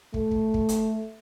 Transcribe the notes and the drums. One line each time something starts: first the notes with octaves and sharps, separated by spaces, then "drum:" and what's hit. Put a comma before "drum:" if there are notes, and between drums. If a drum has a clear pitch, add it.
A3, drum: kick
drum: kick
drum: kick
drum: hi-hat